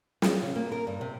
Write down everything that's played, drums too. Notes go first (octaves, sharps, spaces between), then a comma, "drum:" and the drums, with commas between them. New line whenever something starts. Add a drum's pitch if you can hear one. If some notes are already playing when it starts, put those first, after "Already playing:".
F4, drum: snare
C#3
A#3
A#4
G2
C3